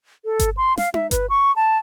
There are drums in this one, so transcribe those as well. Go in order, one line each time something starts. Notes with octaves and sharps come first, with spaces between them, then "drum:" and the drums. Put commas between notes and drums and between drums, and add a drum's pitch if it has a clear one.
A4
drum: kick G1, hi-hat
C6
F5, drum: snare
E5, drum: tom D#4
B4, drum: kick G1, hi-hat
C#6
A5